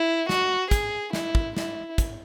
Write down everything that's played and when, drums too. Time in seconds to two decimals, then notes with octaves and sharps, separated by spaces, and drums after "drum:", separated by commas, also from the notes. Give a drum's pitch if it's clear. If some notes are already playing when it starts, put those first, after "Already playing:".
Already playing: E4
0.29 F#4, drum: snare
0.71 G#4, drum: kick, hi-hat
1.13 E4, drum: snare
1.35 drum: kick
1.57 E4, drum: snare
1.98 drum: kick, hi-hat